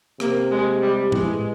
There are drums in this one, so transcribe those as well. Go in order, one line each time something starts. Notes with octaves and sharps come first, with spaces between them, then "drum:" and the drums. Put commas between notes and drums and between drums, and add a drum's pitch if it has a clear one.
C3 A#3, drum: rim click
G#3
G3
E3 G#3, drum: tom